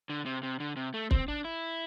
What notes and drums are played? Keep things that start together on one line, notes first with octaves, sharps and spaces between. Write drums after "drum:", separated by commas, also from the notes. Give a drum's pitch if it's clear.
D3
C3
C3
D3
C3
A3
C4, drum: kick
D4
E4